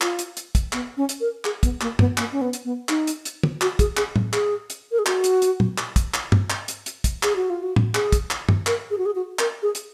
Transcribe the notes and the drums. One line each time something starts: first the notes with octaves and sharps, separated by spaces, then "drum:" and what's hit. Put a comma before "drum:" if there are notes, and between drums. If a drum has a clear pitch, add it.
F4, drum: clap
drum: hi-hat
drum: hi-hat
drum: kick, hi-hat
B3, drum: clap
C#4
drum: hi-hat
A#4
G#4, drum: clap
B3, drum: kick, hi-hat
A#3, drum: clap
B3, drum: tom
A#3, drum: clap
C#4
B3
drum: hi-hat
B3
D#4, drum: clap
drum: hi-hat
drum: hi-hat
drum: tom
F#4, drum: clap
G#4, drum: kick, hi-hat
G#4, drum: clap
drum: tom
G#4, drum: clap
drum: hi-hat
A#4
G#4
F#4, drum: clap
drum: hi-hat
drum: hi-hat
drum: tom
drum: clap
drum: kick, hi-hat
drum: clap
drum: tom
drum: clap
drum: hi-hat
drum: hi-hat
drum: kick, hi-hat
G#4, drum: clap
F#4
F4
F#4
drum: tom
G#4, drum: clap
drum: kick, hi-hat
drum: clap
drum: tom
A#4, drum: clap
G#4
F#4
G#4
F#4
A#4, drum: clap
G#4
drum: hi-hat